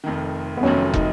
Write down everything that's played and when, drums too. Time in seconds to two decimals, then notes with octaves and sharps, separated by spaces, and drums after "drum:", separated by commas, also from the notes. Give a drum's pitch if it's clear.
0.04 F1 F2 D#3
0.57 B3
0.63 F1 F2 D#3 F#3 C#4
0.94 D#4, drum: kick